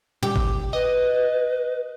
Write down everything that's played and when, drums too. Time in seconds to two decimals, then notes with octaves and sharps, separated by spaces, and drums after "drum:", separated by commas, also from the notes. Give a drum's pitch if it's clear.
0.23 G4, drum: tom
0.36 drum: kick
0.73 B4 D#5